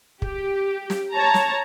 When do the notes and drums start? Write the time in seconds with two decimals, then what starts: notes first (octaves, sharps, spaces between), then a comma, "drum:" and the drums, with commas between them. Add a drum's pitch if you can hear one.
0.22 G4, drum: kick
0.90 drum: snare
1.12 C#5 A5 A#5
1.34 drum: snare